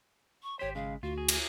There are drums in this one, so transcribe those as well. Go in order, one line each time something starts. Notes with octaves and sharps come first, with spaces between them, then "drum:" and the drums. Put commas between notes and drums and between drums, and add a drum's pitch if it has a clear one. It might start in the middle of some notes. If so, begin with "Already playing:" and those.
C#6
G#1 G4 C5 C#5 B6
C#3 G#3 F5
D2 F4 F#4
G#4
drum: cymbal